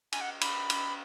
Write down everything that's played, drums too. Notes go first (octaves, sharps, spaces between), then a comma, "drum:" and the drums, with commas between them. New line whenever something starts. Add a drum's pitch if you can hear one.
G#5, drum: cymbal
F#5
B5, drum: cymbal
drum: cymbal